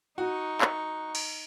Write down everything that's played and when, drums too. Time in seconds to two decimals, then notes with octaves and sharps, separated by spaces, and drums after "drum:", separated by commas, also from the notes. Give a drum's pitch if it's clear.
0.18 D#4 F#4 C#6
0.61 drum: clap
1.15 drum: cymbal